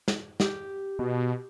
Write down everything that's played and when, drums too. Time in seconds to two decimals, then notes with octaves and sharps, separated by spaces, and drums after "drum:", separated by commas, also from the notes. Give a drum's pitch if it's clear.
0.08 drum: snare
0.40 G4, drum: snare
0.99 B2